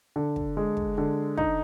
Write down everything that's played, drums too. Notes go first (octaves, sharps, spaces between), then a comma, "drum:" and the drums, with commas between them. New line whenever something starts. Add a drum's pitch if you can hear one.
D3
drum: kick
G#3
drum: kick
D3
D#4, drum: kick